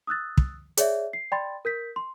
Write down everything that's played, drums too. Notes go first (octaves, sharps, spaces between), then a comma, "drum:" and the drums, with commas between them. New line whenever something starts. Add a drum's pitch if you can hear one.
D#6 E6 F#6 A6
drum: kick
G#4 C#5 D5 E5, drum: hi-hat
C7
D5 G5 B5 C6 A6
A#4 G6 B6
C6